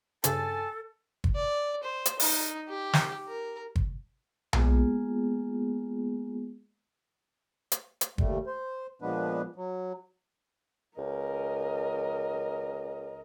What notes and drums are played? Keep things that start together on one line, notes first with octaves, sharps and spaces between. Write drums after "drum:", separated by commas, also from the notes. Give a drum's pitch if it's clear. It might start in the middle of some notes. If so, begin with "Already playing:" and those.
G2 C#3 A4 G#5 A5 A6, drum: hi-hat
drum: kick
D5
C5
drum: hi-hat
D#4, drum: open hi-hat
G4
drum: snare
A#4
drum: kick
G#3 A#3 B3 F4 G#4, drum: tom B1
drum: hi-hat
drum: hi-hat
D#2 G3 A3, drum: kick
C5
A#2 F3 G#3 B3 D4 B4
F#3
C#2 A#4 D#5